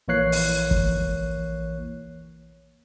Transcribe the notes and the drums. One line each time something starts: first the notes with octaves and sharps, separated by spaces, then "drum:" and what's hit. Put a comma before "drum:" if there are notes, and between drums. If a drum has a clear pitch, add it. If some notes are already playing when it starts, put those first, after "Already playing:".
A#1 E3 A#3 C#5 F#6 C7
drum: open hi-hat
drum: kick